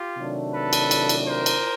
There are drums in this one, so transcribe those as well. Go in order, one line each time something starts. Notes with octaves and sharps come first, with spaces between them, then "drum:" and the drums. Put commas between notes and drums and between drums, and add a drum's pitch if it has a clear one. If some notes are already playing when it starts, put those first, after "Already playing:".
Already playing: F4 G4
C3 D#3 F#3 A3 D4
A4 B4
drum: cymbal
drum: cymbal
drum: cymbal
A#4 C5
drum: cymbal